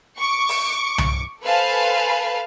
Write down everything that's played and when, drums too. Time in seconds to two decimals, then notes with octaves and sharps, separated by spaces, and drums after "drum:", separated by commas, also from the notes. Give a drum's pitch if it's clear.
0.19 C#6 D6
0.49 drum: open hi-hat
0.98 drum: tom C2
1.43 A4 B4 C5 F5 G#5 A5